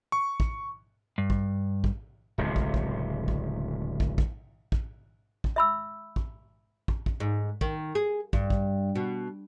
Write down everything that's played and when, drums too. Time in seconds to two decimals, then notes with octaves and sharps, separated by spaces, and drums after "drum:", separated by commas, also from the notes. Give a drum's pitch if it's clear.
0.12 C#6
0.40 drum: kick
1.18 G2
1.30 drum: kick
1.84 drum: kick
2.38 D1 C#2 C3
2.56 drum: kick
2.74 drum: kick
3.28 drum: kick
4.00 drum: kick
4.18 drum: kick
4.72 drum: kick
5.44 drum: kick
5.56 E5 B5 E6
6.16 drum: kick
6.88 drum: kick
7.06 drum: kick
7.20 G#2
7.61 D#3, drum: kick
7.95 G#4
8.33 G2, drum: kick
8.50 drum: kick
8.95 B2